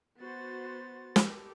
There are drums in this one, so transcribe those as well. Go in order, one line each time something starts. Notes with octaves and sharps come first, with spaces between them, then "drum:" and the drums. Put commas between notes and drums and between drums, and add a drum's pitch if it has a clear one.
B3 F#4 C5 A6
G4 A4 A#4, drum: snare